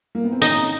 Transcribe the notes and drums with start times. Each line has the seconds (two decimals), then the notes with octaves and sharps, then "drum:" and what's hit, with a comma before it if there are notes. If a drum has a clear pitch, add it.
0.15 A#3
0.24 B3
0.32 C4
0.42 C#4 D#4, drum: hi-hat